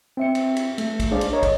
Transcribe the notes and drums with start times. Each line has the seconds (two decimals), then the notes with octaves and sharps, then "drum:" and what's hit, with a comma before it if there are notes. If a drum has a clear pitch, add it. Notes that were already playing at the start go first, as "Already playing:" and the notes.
0.17 C4 E5 C#7
0.35 drum: cymbal
0.56 drum: cymbal
0.78 A3, drum: cymbal
1.00 drum: kick, cymbal
1.11 G#3 D4 G#4 C5 D5 F5
1.21 drum: cymbal
1.33 A#4 C#5 D#5 A#5
1.43 drum: kick, cymbal